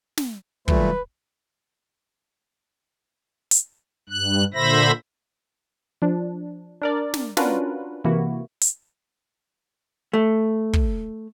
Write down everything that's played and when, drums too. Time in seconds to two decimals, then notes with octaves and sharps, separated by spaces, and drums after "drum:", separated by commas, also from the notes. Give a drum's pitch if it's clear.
0.17 drum: snare
0.68 A#2 D#3 F#3 G3 A3 B4, drum: kick
3.51 drum: hi-hat
4.09 G2 F#6
4.54 A#2 D3 C5 E5 B5 A#6
6.02 F3 D4
6.82 D4 A#4 D5
7.14 drum: snare
7.37 C#4 D4 F4 F#4 A#4 B4, drum: snare
8.04 C3 E3 A#3 E4 F#4
8.61 drum: hi-hat
10.13 A3
10.73 drum: kick